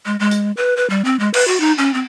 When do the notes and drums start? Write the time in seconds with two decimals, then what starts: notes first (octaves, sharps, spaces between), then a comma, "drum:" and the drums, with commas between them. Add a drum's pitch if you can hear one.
0.06 G#3
0.20 G#3
0.31 drum: hi-hat
0.57 B4
0.77 B4
0.90 G3
1.05 C4
1.19 G#3
1.34 B4, drum: cymbal
1.48 F#4
1.60 D#4
1.78 C#4
1.94 C4